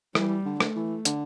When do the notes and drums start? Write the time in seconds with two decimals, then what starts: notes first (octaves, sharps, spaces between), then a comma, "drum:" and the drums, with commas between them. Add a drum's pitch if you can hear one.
0.15 E3 G3, drum: rim click
0.45 D3
0.60 A3, drum: rim click
0.76 E3
1.05 D3, drum: hi-hat